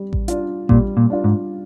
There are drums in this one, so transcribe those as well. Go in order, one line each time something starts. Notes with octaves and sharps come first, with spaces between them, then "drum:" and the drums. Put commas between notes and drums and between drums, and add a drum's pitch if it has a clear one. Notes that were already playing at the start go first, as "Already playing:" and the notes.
Already playing: G3
drum: kick A1
D4 F4, drum: hi-hat
A#2 G3, drum: kick A1
A#2
D4 F4
G#2